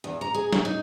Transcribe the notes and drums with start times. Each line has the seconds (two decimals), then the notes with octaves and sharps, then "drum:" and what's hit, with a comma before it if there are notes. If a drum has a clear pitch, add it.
0.04 E2
0.21 A#5
0.34 G#4
0.53 F#3, drum: snare
0.65 D#4